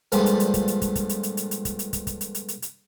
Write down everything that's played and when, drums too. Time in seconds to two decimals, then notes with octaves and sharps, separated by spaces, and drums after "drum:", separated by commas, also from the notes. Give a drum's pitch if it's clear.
0.12 G2 A#2 D3 F3 G3 G#3, drum: hi-hat
0.26 drum: hi-hat
0.40 drum: hi-hat
0.54 drum: kick, hi-hat
0.68 drum: hi-hat
0.82 drum: kick, hi-hat
0.95 drum: kick, hi-hat
1.09 drum: hi-hat
1.23 drum: hi-hat
1.37 drum: hi-hat
1.51 drum: hi-hat
1.65 drum: kick, hi-hat
1.79 drum: hi-hat
1.93 drum: kick, hi-hat
2.07 drum: kick, hi-hat
2.21 drum: hi-hat
2.35 drum: hi-hat
2.48 drum: hi-hat
2.62 drum: hi-hat